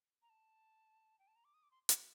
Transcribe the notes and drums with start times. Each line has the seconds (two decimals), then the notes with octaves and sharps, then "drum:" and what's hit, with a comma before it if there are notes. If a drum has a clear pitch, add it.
0.22 A#5
0.30 A5
1.19 G5
1.28 A5
1.36 A#5
1.45 D6
1.54 D#6
1.63 D6
1.71 C6
1.89 D6, drum: hi-hat